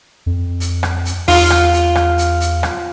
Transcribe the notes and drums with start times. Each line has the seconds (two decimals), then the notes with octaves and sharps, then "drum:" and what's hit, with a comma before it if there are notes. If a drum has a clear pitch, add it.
0.26 F2
0.60 drum: hi-hat
0.83 drum: rim click
1.05 drum: hi-hat
1.28 E2 F4, drum: open hi-hat
1.50 drum: rim click
1.73 drum: hi-hat
1.95 drum: rim click
2.18 drum: hi-hat
2.40 drum: hi-hat
2.63 drum: rim click